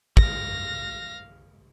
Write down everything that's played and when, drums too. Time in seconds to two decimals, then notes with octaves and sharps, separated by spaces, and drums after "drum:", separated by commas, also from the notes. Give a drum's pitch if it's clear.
0.17 F5 A#6, drum: kick